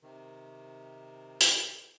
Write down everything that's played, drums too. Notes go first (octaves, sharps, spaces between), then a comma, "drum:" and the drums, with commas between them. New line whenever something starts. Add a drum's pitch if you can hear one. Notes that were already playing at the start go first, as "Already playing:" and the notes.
C3 D#3
drum: hi-hat